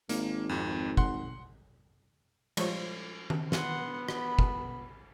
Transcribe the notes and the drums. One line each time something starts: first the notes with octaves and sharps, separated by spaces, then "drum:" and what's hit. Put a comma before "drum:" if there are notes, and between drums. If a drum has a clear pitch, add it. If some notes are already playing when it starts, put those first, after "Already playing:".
G#1 A#3, drum: hi-hat
F2 G#2
F#5 C6, drum: kick
F3 G3 G#3 F4 C5 C#5, drum: cymbal
drum: tom D#3
B3 F#5 C6, drum: snare
B5, drum: rim click
drum: kick